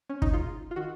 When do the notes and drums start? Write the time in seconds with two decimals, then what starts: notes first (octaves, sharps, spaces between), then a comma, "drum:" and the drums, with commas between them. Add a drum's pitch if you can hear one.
0.10 C#4
0.22 D#4, drum: kick
0.33 G#2 F4
0.71 F4
0.76 D#3 F#4